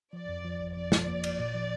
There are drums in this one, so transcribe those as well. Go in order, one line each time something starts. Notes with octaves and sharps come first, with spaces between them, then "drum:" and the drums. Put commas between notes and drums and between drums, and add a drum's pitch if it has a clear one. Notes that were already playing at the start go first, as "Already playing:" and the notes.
F3 D5
F2
F3
G1
F2 D5
F3, drum: snare
A#3
G1, drum: cymbal
A#2
F3